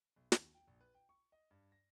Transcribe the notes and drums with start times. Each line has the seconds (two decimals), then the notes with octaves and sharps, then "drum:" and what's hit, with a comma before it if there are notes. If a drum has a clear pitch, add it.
0.16 B1
0.32 D#2, drum: snare
0.54 G5
0.67 A#1
0.81 B4
0.95 G5
1.09 C#6
1.32 D#5
1.51 G2
1.72 A#6